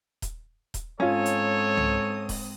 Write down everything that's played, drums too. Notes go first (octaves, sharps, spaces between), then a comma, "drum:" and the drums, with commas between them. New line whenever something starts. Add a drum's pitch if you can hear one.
drum: kick D#1, hi-hat
drum: kick D#1, hi-hat
G#2 C4 C#4 F4 A4 C#5 D#6
drum: hi-hat
drum: tom C2
drum: kick D#1, open hi-hat